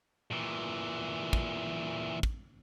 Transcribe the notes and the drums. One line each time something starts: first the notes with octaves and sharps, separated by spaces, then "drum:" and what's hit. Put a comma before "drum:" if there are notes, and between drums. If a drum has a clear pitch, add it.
A#2 E3
drum: kick
drum: kick